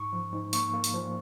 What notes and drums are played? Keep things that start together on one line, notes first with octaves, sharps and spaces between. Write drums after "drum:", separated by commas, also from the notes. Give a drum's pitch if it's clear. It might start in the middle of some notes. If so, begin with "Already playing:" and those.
Already playing: G#2 C#6
F3
G#2
A#3 C#6, drum: hi-hat
A#3
drum: hi-hat
F3